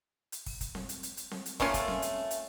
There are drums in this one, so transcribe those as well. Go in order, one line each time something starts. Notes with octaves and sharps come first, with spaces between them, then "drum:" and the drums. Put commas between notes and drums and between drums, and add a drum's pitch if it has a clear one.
drum: hi-hat
drum: kick, open hi-hat
drum: kick, hi-hat
drum: snare C4
drum: hi-hat
drum: hi-hat
drum: hi-hat
drum: snare C4
drum: hi-hat
A3 A#3 C#4 F4, drum: kick, open hi-hat
drum: kick, hi-hat
drum: snare C4
drum: hi-hat
drum: hi-hat